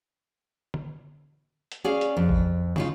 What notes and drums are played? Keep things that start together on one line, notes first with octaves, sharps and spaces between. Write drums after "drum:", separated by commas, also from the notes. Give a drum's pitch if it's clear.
drum: tom
drum: hi-hat
C#4 G#4 D5 F5
drum: hi-hat
F2
drum: kick A1
C#3 D#4 F4, drum: tom